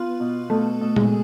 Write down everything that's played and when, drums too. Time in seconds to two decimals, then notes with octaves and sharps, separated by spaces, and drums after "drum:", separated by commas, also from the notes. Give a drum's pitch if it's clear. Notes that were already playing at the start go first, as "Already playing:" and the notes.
Already playing: B3 F4
0.20 B2
0.50 B2 A3
0.81 B2
0.96 G#3, drum: tom A#2